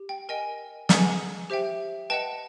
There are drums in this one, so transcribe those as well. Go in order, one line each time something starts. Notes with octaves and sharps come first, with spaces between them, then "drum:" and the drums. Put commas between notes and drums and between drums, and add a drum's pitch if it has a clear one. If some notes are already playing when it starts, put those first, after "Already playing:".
Already playing: G4
G5
A#4 D#5 G5 G#5
G#4 B4 D#5 F#5 G#5, drum: snare
G4 C5 E5 G5
B4 D#5 F#5 G5 A5